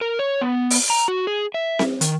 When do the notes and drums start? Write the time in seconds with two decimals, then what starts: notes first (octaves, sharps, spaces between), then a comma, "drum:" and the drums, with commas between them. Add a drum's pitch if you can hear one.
0.01 A#4
0.19 C#5
0.41 B3
0.70 drum: open hi-hat
0.90 A#5
1.08 F#4
1.27 G#4
1.54 E5
1.79 drum: snare C4
2.01 D#3, drum: hi-hat